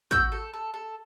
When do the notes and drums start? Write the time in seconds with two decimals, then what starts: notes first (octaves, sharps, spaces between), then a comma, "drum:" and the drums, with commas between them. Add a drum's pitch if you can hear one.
0.11 F#4 E6 G6, drum: kick, hi-hat
0.32 A4
0.54 A4
0.74 A4